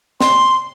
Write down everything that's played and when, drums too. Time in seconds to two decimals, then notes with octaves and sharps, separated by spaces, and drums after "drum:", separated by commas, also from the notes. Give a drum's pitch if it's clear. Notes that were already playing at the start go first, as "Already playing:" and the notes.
0.21 C6, drum: snare